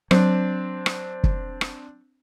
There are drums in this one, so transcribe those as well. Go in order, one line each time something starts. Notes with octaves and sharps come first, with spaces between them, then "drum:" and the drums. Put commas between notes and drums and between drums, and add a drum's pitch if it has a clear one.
F#3 C4 D4, drum: rim click
drum: rim click
drum: kick
drum: rim click